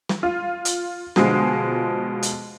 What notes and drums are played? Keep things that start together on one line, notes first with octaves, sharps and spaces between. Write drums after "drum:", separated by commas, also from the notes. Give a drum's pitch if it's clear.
drum: snare
F4
drum: hi-hat
B2 D3 F3 G#3, drum: snare
drum: hi-hat